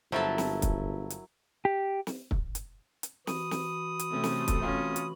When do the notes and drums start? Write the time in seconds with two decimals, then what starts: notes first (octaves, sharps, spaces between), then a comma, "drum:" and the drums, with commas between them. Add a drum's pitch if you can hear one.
0.12 G1 F3 F#3 E4 A4 A#4 E5 A5
0.38 drum: snare
0.62 drum: kick, hi-hat
1.10 drum: hi-hat
1.65 G4
2.07 drum: snare
2.31 drum: kick
2.55 drum: hi-hat
3.03 drum: hi-hat
3.27 E3 F#4 B5 D#6, drum: snare
3.51 drum: snare
3.99 drum: hi-hat
4.11 C3 A3 C4 C#4
4.24 drum: snare
4.48 drum: kick, hi-hat
4.62 C#4 F4
4.96 drum: hi-hat